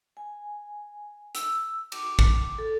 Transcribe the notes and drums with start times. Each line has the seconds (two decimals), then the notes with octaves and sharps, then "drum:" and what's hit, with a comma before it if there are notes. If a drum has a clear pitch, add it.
0.17 G#5
1.35 E6, drum: hi-hat
1.92 D6, drum: cymbal
2.19 drum: kick
2.58 A4